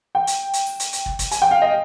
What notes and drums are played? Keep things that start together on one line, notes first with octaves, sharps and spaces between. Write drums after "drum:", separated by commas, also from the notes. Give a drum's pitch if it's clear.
G5
drum: hi-hat
drum: hi-hat
drum: open hi-hat
drum: hi-hat
drum: hi-hat
drum: kick
drum: kick, hi-hat
G#5, drum: hi-hat
G5
F5
D#5